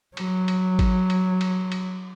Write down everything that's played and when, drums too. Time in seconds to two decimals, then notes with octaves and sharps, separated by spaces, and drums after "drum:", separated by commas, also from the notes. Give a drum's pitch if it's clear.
0.17 F#3, drum: cymbal
0.48 drum: cymbal
0.79 drum: kick G#1, cymbal
1.10 drum: cymbal
1.41 drum: cymbal
1.72 drum: cymbal